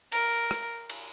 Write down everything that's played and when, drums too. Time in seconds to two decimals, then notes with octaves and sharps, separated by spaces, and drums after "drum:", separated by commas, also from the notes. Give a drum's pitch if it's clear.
0.12 A#4, drum: cymbal
0.51 drum: rim click
0.90 drum: cymbal